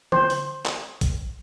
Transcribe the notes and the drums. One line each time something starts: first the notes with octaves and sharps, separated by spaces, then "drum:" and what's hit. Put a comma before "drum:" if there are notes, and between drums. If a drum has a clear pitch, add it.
C5, drum: tom D3
drum: open hi-hat
drum: clap
drum: kick, hi-hat